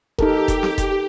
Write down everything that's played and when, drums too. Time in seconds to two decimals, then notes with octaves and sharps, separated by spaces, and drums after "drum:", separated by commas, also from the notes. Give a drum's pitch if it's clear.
0.19 D#4 G4 A4 A#4, drum: kick F1
0.48 drum: kick F1, hi-hat
0.63 drum: snare
0.78 drum: kick F1, hi-hat